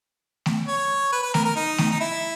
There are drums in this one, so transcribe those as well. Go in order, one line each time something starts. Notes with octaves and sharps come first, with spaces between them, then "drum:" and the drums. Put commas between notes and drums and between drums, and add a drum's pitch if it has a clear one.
drum: snare A3
C#5
B4
B4
A#4, drum: snare A3
A#4
D#4
drum: snare A3
D#4
E4